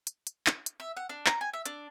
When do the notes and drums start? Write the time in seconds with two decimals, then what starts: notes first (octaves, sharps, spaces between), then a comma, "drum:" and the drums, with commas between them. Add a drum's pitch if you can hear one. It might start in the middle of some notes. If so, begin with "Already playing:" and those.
0.07 drum: hi-hat
0.27 drum: hi-hat
0.47 drum: clap
0.66 drum: hi-hat
0.80 E5
0.97 F#5
1.09 D4
1.26 A#5, drum: clap
1.41 G#5
1.54 E5
1.66 D4, drum: hi-hat